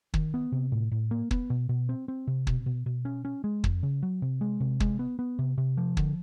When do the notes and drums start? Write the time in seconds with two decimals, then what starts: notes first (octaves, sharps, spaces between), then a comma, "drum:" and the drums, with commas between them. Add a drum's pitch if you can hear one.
0.14 D#3, drum: kick
0.34 B3
0.52 C3
0.72 A2
0.92 A2
1.11 A#3
1.31 B3, drum: kick
1.50 B2
1.69 B2
1.89 C4
2.08 C4
2.27 C3
2.47 B2, drum: kick
2.66 B2
2.86 B2
3.05 C#4
3.25 C#4
3.44 G#3
3.64 F2, drum: kick
3.83 C#3
4.03 F#3
4.22 C3
4.41 G#3
4.60 C3
4.80 G#3, drum: kick
4.99 B3
5.19 B3
5.39 C3
5.58 C3
5.77 F3
5.97 D3, drum: kick